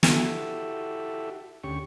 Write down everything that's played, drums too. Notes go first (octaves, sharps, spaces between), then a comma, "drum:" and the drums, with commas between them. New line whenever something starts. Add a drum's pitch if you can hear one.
E4 F#4 G4 A4 E5, drum: snare
D2 C#4 G4 C#6